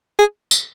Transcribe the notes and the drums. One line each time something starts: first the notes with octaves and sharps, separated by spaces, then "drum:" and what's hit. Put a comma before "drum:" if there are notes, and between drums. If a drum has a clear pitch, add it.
G#4
drum: tambourine